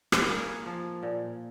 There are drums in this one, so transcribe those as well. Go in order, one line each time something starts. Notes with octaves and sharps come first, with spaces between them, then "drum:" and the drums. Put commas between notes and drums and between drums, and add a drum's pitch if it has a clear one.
B4, drum: rim click
A#4
A#3 G#4
F3
A#2